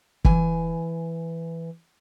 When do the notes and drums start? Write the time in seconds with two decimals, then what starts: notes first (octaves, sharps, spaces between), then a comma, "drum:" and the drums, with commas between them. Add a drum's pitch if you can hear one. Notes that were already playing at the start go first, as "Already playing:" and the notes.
0.25 E3 G#5, drum: kick